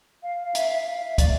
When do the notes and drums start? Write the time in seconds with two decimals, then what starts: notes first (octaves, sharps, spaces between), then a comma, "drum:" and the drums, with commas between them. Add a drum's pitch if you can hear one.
0.23 F5
0.44 F5
0.55 E5, drum: hi-hat
0.71 E5
0.87 F5
1.03 E5
1.18 D5, drum: kick, hi-hat